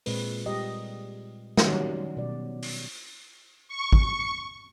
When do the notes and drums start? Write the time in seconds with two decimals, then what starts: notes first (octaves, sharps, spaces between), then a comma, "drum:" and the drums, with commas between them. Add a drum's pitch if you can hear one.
0.06 A#2 G#3 C4 B4, drum: open hi-hat
0.46 G3 G4 D#5
1.57 D#3 F#3 G3 C#4 F#4, drum: snare
2.17 B2 D5
2.63 drum: open hi-hat
3.68 C#6
3.92 drum: kick